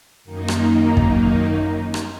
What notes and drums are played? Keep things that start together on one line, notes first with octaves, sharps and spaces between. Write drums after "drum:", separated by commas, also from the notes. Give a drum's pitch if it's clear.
F#2 D#3 A#3 D#4
drum: rim click
drum: kick
drum: rim click